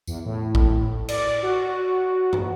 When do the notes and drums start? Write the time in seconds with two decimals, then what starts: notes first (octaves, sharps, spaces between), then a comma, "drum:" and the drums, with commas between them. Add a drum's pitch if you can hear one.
0.07 E2, drum: tambourine
0.26 A2
0.55 drum: kick A1
1.09 D5, drum: cymbal
1.43 F#4
2.33 drum: tom